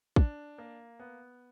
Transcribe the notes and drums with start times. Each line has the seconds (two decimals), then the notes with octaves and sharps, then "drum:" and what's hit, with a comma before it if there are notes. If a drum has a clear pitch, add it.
0.16 D4, drum: kick
0.58 A#3
1.00 B3